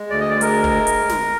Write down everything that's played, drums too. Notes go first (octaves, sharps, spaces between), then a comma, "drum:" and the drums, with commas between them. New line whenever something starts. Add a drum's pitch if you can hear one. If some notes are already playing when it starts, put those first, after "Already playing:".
Already playing: G#3
D2 D5
D#5
D5
G#3 A#4, drum: hi-hat
drum: kick
drum: hi-hat
drum: snare